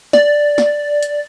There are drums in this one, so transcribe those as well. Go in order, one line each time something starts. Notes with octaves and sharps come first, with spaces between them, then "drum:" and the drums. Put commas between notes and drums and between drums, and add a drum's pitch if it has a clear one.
D5, drum: snare
drum: snare
drum: hi-hat